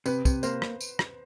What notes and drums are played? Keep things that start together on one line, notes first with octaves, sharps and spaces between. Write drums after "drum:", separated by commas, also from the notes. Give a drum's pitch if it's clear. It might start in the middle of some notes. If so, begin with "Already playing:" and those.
C3 B4, drum: tambourine
C3, drum: kick, tambourine
A#3 C5, drum: tambourine
drum: rim click
drum: tambourine
drum: rim click